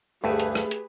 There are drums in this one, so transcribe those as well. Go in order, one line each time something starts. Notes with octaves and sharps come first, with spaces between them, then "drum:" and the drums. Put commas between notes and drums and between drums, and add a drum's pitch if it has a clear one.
D2 G2 A3 G4 G#4 B4
drum: hi-hat
drum: rim click
drum: hi-hat